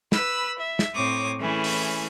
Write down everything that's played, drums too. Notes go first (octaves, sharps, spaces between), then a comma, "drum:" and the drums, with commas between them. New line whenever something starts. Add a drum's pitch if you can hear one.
B4 B5 E6, drum: snare
E5
drum: snare
A2 C4 C#5 D6 D#6
E3 A3 C#4 E4 G#4
drum: open hi-hat